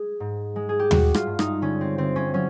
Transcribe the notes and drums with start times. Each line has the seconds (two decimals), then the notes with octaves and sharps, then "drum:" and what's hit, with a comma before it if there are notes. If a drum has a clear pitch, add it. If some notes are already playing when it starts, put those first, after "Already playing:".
Already playing: G#3 G#4
0.20 G#2
0.56 G#3
0.69 G#4
0.79 G4
0.91 G3 F#4, drum: tom D#2
1.14 F4, drum: rim click
1.27 G2
1.39 D#4, drum: rim click
1.62 D3 C#4
1.81 C4
1.98 D3 C4
2.16 C#4
2.33 F#3 C#4